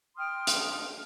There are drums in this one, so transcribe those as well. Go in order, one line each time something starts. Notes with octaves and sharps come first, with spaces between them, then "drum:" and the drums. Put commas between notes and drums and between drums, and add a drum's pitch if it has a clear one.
G5 C6 D#6 F6
drum: hi-hat